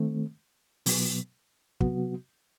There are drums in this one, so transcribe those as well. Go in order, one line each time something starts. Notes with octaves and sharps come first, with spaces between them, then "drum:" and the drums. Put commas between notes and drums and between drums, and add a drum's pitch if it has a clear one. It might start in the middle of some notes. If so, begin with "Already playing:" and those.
Already playing: D#3 A3 C4
B2 F#3 B3, drum: open hi-hat
C3 F#3 B3 F#4, drum: kick